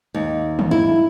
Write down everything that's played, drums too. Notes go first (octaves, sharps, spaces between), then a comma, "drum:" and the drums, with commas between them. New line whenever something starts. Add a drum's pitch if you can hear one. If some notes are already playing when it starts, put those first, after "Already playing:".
D#2
drum: tom D#3
E4